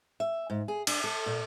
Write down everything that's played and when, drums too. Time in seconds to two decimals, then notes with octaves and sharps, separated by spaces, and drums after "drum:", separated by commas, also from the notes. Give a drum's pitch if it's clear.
0.20 E5
0.50 G#2
0.68 G#4
0.87 D4, drum: cymbal
1.04 A4
1.26 A#2